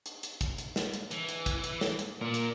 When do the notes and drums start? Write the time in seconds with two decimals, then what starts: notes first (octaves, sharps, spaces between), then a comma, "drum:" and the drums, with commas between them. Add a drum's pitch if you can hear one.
0.06 drum: hi-hat
0.23 drum: hi-hat
0.41 drum: kick, hi-hat
0.58 drum: hi-hat
0.76 drum: snare
0.93 drum: hi-hat
1.11 E3, drum: hi-hat
1.29 drum: hi-hat
1.46 drum: kick, hi-hat
1.64 drum: hi-hat
1.81 drum: snare
1.99 drum: hi-hat
2.21 A#2 A#4 D5
2.34 drum: hi-hat